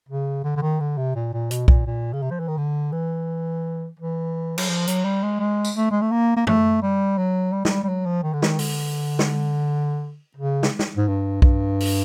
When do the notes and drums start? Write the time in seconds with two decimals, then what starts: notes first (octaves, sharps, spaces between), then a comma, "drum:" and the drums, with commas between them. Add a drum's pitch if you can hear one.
0.09 C#3
0.44 D3
0.56 D3
0.62 D#3
0.80 D3
0.97 C3
1.15 A#2
1.33 A#2
1.51 B2, drum: hi-hat
1.68 A#2, drum: kick B1
1.86 A#2
2.13 C#3
2.22 C3
2.31 F3
2.40 E3
2.48 D#3
2.57 D3
2.92 E3
3.99 E3
4.58 F#3, drum: cymbal
4.69 F3
4.87 F#3, drum: hi-hat
5.04 G3
5.23 G#3
5.40 G#3
5.65 drum: tambourine
5.76 A3
5.91 G#3
6.01 A3
6.11 A#3
6.36 A#3
6.47 A3, drum: tom
6.82 G3
7.18 F#3
7.52 G3
7.65 F#3, drum: snare
7.71 G3
7.83 G3
7.89 F#3
8.06 F3
8.23 D#3
8.33 D3
8.42 D#3, drum: snare
8.59 D3, drum: open hi-hat
9.19 drum: snare
10.36 C#3
10.63 drum: snare
10.79 drum: snare
10.97 G#2
11.08 G2
11.42 G2, drum: kick B1
11.80 drum: open hi-hat